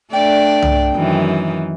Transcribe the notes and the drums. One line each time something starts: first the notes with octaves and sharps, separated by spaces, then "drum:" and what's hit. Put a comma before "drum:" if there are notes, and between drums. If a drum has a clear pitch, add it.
A3 D4 D5 G5
drum: tom C2
F#2 D#3 E3